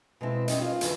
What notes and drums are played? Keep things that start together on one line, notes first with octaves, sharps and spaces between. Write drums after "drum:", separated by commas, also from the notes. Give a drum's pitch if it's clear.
B2 G#3 C4 E4
G3 C#4 D#4 D#5, drum: hi-hat
F4 C5
D3 E3 F#3 A3, drum: hi-hat